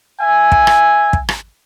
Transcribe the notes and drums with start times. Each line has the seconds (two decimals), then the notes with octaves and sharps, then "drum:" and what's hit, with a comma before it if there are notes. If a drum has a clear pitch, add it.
0.21 E5 G#5
0.52 drum: kick
0.67 drum: rim click
1.13 drum: kick
1.29 drum: rim click